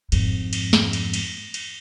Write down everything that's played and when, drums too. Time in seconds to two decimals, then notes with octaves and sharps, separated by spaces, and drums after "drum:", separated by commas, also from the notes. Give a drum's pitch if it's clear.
0.12 F2 G#2, drum: cymbal
0.53 drum: cymbal
0.73 drum: snare
0.93 drum: cymbal
1.14 drum: cymbal
1.54 drum: cymbal